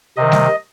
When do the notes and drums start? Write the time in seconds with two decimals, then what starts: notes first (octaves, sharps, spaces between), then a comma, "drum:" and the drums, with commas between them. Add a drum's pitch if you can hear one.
0.17 C3 D#3 D#5
0.32 drum: snare G3